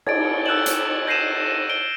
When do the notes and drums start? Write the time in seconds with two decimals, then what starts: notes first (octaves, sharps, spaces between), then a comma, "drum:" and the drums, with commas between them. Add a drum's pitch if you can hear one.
0.07 G#6 A6 D7, drum: cymbal
0.46 E6 F#6 G6 E7 F#7
0.66 drum: hi-hat
1.07 G6 A#6 C7 D#7 E7
1.70 D7 G7